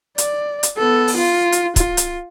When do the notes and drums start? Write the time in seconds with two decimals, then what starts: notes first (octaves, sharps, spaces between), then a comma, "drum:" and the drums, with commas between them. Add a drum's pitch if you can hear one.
0.18 D5, drum: hi-hat
0.63 drum: hi-hat
0.77 B3 A4
1.08 drum: open hi-hat
1.17 F4
1.52 drum: hi-hat
1.76 F4, drum: kick, hi-hat
1.97 drum: hi-hat